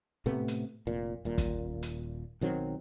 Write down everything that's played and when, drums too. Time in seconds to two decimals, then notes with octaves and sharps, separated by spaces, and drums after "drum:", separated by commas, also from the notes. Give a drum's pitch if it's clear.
0.26 A2 C3 A3 B3
0.48 drum: hi-hat
0.87 F1 A#2
1.25 D#1 A#2
1.38 drum: kick, hi-hat
1.83 drum: hi-hat
2.41 B1 D#3 F#3 C4